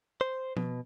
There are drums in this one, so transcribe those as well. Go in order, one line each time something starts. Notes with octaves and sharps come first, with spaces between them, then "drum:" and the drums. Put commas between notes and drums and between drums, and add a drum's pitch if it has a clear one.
C5
B2, drum: tom F3